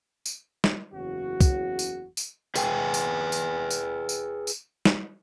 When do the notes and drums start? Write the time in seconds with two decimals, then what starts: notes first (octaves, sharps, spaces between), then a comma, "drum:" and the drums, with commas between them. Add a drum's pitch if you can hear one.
0.26 drum: tambourine
0.64 drum: snare
0.94 F#1 E2 C#3 C#4 F#4
1.41 drum: kick, tambourine
1.79 drum: tambourine
2.17 drum: tambourine
2.56 G#4 B4 G5 G#5, drum: tambourine
2.94 drum: tambourine
3.32 drum: tambourine
3.70 drum: tambourine
4.09 drum: tambourine
4.47 drum: tambourine
4.85 drum: snare